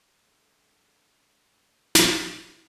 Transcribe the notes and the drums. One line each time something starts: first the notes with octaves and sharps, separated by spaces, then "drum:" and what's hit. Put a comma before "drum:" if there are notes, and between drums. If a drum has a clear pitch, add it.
D3 G#3 A3
drum: snare